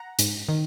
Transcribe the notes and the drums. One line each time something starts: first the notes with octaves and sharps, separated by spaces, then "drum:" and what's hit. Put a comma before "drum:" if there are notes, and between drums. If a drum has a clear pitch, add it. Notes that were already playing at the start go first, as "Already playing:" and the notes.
Already playing: F#5 A#5
G#2, drum: hi-hat
D#3